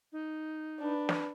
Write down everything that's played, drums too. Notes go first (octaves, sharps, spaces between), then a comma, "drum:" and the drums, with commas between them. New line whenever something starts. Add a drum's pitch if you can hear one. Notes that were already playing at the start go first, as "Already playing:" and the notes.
D#4
D4 B4
drum: snare